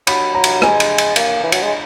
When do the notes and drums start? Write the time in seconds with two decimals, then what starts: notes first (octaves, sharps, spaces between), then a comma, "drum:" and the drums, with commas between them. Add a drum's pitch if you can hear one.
0.07 F#3 B5, drum: cymbal
0.34 F#3 A#5
0.44 drum: cymbal
0.62 G#3 G#5, drum: rim click
0.80 drum: cymbal
0.98 drum: cymbal
1.16 A#3, drum: cymbal
1.43 E3
1.52 F#3, drum: cymbal
1.62 G#3